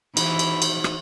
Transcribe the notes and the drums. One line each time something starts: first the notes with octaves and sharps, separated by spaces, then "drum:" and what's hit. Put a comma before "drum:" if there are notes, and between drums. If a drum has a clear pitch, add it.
E3 D#4 F#4 C5 B5, drum: cymbal
drum: cymbal
drum: cymbal
drum: rim click